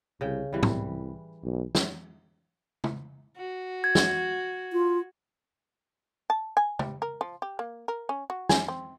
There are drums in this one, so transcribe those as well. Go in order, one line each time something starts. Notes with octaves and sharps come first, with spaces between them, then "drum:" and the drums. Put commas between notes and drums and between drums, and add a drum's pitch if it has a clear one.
C2 C#3 G5
C2 E3 G3
drum: tom
B1
drum: snare
drum: tom
F#4
G#6
drum: snare
F4
A5
G#5
G3, drum: tom
A#4
F3
G4
A#3
A#4
C#4
F#4
G#5, drum: snare
C4